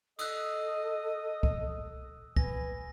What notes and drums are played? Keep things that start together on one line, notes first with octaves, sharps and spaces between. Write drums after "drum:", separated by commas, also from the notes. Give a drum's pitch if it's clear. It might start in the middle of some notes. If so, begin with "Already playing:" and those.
A4 D#5 D#6 E6 F#6, drum: cymbal
drum: kick C2
B4 G#5 A#6, drum: kick C2